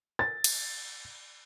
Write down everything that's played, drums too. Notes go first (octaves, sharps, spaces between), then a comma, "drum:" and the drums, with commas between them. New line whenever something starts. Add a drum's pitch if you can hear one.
A6
drum: cymbal